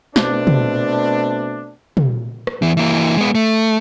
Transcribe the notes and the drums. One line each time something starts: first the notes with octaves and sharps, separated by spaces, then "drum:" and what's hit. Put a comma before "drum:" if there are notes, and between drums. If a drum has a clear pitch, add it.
B2 A3 C4 D4, drum: snare
drum: tom
drum: tom
drum: rim click
E2 E3
E3 A#3
G#3 B3
A3